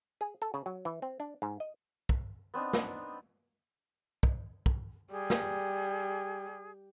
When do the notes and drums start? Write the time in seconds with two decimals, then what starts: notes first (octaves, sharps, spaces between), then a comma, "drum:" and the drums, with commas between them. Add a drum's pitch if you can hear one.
0.21 G#4
0.42 A4
0.54 C#3
0.66 F#3
0.85 E3
1.02 C4
1.20 D4
1.42 G#2
1.60 D#5
2.09 drum: kick
2.54 B3 C4 D4 D#4
2.73 drum: snare
4.23 drum: kick
4.66 drum: kick
5.11 G3 G#4
5.30 drum: snare